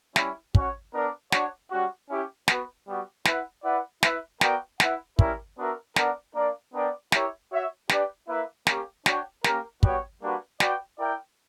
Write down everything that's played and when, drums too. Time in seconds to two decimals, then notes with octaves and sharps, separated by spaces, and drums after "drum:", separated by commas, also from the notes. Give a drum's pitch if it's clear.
0.16 G3 C#4 E4, drum: snare
0.55 C#4 F#4 C#5 F#5, drum: kick
0.93 B3 D4 A#4 D5
1.32 D4 F#4 C#5 F#5, drum: snare
1.71 G3 C#4 F#4
2.09 C#4 E4 G4
2.48 B3 F#4 B4, drum: snare
2.87 G3 B3 F#4
3.25 E4 B4 F#5, drum: snare
3.64 E4 B4 D5 F#5
4.03 E4 B4 E5, drum: snare
4.41 B3 F#4 A#4 D5 G5, drum: snare
4.80 E4 B4 F#5, drum: snare
5.19 G3 C#4 E4 A#4, drum: kick
5.57 B3 D4 F#4 A#4 E5
5.96 B3 D4 A#4 D5 F#5, drum: snare
6.35 A#3 D4 A#4 D5
6.73 B3 D4 A#4 D5 G5
7.12 E4 G4 A#4 C#5 E5, drum: snare
7.51 F#4 C#5 E5
7.89 D4 G4 B4 D5, drum: snare
8.28 A#3 E4 B4 E5
8.67 A#3 C#4 G4, drum: snare
9.06 D4 F#4 C#5 G5, drum: snare
9.44 A#3 C#4 G4 A#4, drum: snare
9.83 G3 B3 F#4 C#5 G5, drum: kick
10.22 G3 A#3 D4 F#4 B4
10.60 F#4 B4 D5 G5, drum: snare
10.99 E4 A#4 D5 G5